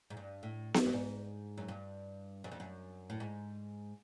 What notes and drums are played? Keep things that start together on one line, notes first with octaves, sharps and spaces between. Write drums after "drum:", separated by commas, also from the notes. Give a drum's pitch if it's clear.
G#2
G2
A2
drum: snare B3
G2
G#2
F#2
G2
F#2
F2
F#2
A2
G#2